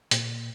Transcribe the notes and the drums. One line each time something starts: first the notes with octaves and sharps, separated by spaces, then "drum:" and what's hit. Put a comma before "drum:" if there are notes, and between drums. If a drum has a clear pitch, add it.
A#2, drum: hi-hat